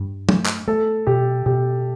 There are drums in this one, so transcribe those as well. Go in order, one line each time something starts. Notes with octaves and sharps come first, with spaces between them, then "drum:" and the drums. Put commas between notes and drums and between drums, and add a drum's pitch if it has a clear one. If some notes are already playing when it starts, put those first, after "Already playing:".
Already playing: G2
A3, drum: tom
drum: clap
A3 A4
B2 G4
B2 G4